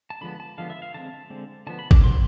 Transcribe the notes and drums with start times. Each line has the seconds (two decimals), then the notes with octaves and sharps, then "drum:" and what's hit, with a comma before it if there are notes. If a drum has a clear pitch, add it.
0.10 A5
0.21 D3 F3 G#3 B3 B5
0.40 A5
0.58 D3 F3 G#3 B3 F5
0.70 E5
0.82 F5
0.94 D3 G#3 C4 A5
1.30 D3 G#3 C4
1.67 D3 F3 B3 A5
1.79 B5
1.91 D6, drum: kick
2.03 D3 F3 B3 C6